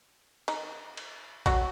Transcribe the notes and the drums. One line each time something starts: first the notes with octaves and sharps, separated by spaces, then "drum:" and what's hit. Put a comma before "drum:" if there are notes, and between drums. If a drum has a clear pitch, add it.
D#3 D#4, drum: cymbal
drum: cymbal
F#3 F#4, drum: kick A#1, cymbal